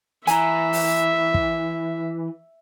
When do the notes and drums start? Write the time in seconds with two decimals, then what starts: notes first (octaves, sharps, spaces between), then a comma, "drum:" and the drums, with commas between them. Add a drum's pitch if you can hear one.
0.27 E3 E5 G#5 A#5, drum: hi-hat
0.73 drum: open hi-hat
1.34 drum: kick